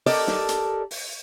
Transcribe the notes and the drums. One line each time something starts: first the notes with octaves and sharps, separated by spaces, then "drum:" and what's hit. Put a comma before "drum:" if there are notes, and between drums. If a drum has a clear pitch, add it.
G4 A4 A#4 D5 D#5, drum: open hi-hat
drum: snare
drum: hi-hat
drum: open hi-hat